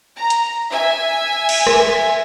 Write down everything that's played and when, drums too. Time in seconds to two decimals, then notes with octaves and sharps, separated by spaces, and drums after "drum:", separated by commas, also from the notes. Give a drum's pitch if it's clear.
0.17 A#5
0.30 drum: hi-hat
0.70 E5 G#5
1.49 drum: cymbal
1.67 drum: rim click